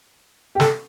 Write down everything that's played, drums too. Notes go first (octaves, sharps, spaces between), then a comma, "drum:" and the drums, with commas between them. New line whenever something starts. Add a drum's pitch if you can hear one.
G4
A4, drum: snare